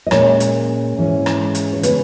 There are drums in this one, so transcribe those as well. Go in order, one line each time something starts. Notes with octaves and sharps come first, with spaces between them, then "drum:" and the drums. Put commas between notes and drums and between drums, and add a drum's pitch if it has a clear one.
D#5
A#2 G#3 C#4 C#5, drum: rim click
drum: hi-hat
G#2 E3 G#3 C#4
drum: rim click
drum: hi-hat
C#5
C#3 G#3 B3 B4, drum: hi-hat